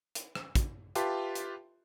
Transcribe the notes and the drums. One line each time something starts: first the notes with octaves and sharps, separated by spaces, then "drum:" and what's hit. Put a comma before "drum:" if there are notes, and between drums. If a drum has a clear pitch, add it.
drum: hi-hat
drum: rim click
drum: kick, hi-hat
F4 G4 B4 E5 A5 C6, drum: hi-hat
drum: hi-hat